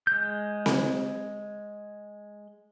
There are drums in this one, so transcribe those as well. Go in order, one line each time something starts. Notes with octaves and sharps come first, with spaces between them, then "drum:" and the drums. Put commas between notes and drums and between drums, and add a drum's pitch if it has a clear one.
G#3 G6
drum: snare C4